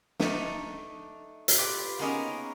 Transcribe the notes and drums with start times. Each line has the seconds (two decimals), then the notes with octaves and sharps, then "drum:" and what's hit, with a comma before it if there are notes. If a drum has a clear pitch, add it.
0.20 A3 D4 D#4, drum: snare
1.48 drum: hi-hat
1.58 F4 G4 B4 D5
1.99 A#3 B3 C#4 D#4 G#4 A#4